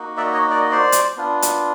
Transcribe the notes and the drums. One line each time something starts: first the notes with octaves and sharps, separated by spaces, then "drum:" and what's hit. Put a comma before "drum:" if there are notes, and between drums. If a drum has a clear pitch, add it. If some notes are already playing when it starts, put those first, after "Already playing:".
Already playing: A#3 D#4 F#4
D5 E5
C#5 D#5
D5
D#5
C5 D5
drum: hi-hat
B3 D4 F4
drum: hi-hat